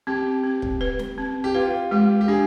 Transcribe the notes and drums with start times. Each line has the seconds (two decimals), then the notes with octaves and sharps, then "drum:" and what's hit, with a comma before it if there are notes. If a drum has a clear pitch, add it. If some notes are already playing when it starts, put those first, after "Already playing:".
0.07 C4 G4
0.44 C4
0.62 drum: kick
0.81 B4
0.99 drum: snare
1.18 C4
1.44 G4
1.55 F4 B4
1.91 G#3 G4
2.21 G4
2.28 D4 G#4